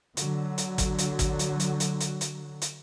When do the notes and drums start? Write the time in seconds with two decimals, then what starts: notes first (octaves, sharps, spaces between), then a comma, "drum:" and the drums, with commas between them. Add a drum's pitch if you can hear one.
0.17 D3 F#3, drum: hi-hat
0.58 drum: hi-hat
0.78 drum: kick, hi-hat
0.99 drum: hi-hat
1.19 drum: kick, hi-hat
1.39 drum: hi-hat
1.60 drum: hi-hat
1.80 drum: hi-hat
2.01 drum: hi-hat
2.21 drum: hi-hat
2.62 drum: hi-hat